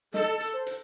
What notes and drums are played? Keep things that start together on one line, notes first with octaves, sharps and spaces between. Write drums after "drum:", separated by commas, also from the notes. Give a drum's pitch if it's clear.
A4 D#5, drum: snare
drum: hi-hat
C5
drum: hi-hat